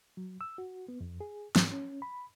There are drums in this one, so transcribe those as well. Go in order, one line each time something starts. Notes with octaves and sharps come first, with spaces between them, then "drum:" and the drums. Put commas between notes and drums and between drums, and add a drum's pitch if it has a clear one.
F#3
E6
F#4
B3
F2
G#4
G#2, drum: snare
C#4
B5